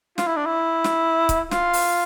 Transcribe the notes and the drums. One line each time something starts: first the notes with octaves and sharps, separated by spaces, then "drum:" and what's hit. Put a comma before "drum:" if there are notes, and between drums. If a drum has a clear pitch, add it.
F4, drum: snare
E4
D4
E4
drum: snare
drum: kick C#1, hi-hat
F4, drum: snare
drum: open hi-hat